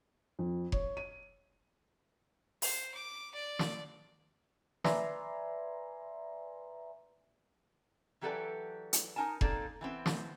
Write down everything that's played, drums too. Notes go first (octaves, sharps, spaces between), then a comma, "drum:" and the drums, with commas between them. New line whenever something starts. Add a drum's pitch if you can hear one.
F2
C#5, drum: kick F1
D#7
C5, drum: open hi-hat
D6
D5
drum: snare
B4 D5 E5 G#5 A#5 C6, drum: snare
E3 F#3 G4 A4 B4 D5
drum: hi-hat
D#4 A#4 G#5 A5
A#3 C4 D#4 A4 D5, drum: kick F1
E3 B3 C4
drum: snare